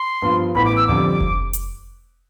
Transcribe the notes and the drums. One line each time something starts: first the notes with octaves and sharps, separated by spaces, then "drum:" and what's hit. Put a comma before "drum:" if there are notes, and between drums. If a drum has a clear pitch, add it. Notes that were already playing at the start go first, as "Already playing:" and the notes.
Already playing: C6
G2 F3 B3 F4
A1 A2 E3 B3 B5
D6
E6
F1 F2 D3 G3 D6
drum: kick F1
drum: hi-hat